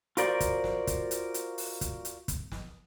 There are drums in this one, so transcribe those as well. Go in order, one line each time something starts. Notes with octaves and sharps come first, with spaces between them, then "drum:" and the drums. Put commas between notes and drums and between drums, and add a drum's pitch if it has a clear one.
F4 F#4 A#4 C5 D5, drum: hi-hat
drum: kick, hi-hat
drum: snare
drum: kick, hi-hat
drum: hi-hat
drum: hi-hat
drum: open hi-hat
drum: kick, hi-hat
drum: hi-hat
drum: kick, hi-hat
drum: snare